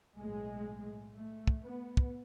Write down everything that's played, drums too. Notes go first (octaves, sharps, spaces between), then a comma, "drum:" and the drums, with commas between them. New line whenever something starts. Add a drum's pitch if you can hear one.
B1 A2 G#3
A3
drum: kick
B3
drum: kick